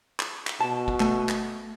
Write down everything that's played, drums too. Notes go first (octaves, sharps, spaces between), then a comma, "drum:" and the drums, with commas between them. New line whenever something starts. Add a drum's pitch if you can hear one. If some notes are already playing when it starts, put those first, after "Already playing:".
drum: clap
drum: clap
B2 A5
drum: kick
A3, drum: clap
drum: clap